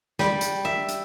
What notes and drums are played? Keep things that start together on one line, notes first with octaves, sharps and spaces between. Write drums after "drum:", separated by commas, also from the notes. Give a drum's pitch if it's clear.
G3, drum: snare
drum: hi-hat
E5
drum: hi-hat